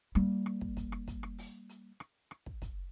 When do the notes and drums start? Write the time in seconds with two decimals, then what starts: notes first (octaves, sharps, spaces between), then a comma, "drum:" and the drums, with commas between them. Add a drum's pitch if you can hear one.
0.15 G3 A#3, drum: rim click
0.46 drum: rim click
0.61 drum: kick
0.77 drum: kick, hi-hat
0.92 drum: rim click
1.08 drum: kick, hi-hat
1.23 drum: rim click
1.38 drum: open hi-hat
1.69 drum: hi-hat
2.00 drum: rim click
2.31 drum: rim click
2.46 drum: kick
2.62 drum: kick, hi-hat